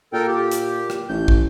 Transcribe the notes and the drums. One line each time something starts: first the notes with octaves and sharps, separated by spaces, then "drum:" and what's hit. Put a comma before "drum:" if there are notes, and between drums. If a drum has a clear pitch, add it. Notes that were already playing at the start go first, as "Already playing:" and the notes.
A#2 A4 A#4 G5
G4
drum: hi-hat
drum: rim click
A1 G6
drum: kick